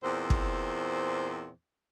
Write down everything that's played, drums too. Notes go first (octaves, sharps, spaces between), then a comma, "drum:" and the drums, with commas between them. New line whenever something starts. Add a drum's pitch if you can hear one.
E2 A#2 C4 C5
drum: kick